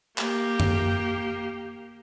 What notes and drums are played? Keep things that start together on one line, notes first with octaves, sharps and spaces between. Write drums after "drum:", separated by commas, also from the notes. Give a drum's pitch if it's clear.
A#3 G4, drum: clap
drum: tom F#2